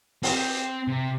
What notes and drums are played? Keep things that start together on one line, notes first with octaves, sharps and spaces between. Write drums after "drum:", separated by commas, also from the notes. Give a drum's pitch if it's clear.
C4, drum: open hi-hat
C3